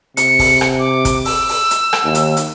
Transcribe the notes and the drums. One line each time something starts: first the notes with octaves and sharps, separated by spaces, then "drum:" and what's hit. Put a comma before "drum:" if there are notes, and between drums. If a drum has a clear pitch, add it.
C3 C#7, drum: hi-hat
drum: kick, open hi-hat
drum: rim click
D6
drum: kick, hi-hat
E6, drum: open hi-hat
drum: open hi-hat
drum: hi-hat
drum: rim click
D#2
drum: hi-hat
drum: hi-hat